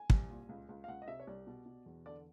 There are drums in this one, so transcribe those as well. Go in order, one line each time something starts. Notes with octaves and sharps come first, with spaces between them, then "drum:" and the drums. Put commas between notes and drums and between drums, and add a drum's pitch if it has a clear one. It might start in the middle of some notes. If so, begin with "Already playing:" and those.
Already playing: G#5
C2, drum: kick
A#2
C#2
C#2
F5
C#2 F#5
D#5
C3 E5
C#5
C2 D5
B2
B2
E2
D3 D5